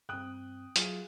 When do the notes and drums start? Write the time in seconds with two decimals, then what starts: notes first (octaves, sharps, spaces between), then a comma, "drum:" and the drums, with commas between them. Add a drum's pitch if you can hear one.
0.09 G2 C4 G5 D#6 F#6
0.76 F#3 F4 G#4, drum: hi-hat